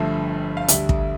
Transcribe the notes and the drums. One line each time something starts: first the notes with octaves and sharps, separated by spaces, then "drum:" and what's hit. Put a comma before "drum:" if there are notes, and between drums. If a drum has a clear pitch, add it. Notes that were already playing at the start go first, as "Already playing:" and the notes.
Already playing: G1 G2 D3 F3 A3 E5
F5
D2 D3 G3 E5, drum: hi-hat
drum: kick